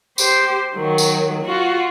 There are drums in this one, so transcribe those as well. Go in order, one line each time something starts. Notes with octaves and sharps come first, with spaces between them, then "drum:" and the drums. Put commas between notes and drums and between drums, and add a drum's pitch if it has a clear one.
G4 C5, drum: tambourine
D#3 F#3
drum: tambourine
F4 F#4